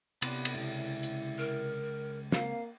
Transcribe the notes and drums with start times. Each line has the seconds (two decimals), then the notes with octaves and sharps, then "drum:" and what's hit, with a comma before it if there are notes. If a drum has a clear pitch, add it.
0.22 C3 B3 D5, drum: cymbal
0.45 drum: cymbal
0.54 C#2 G#2 E4
1.03 drum: hi-hat
1.39 A#4
2.32 A#3 C4 F5, drum: snare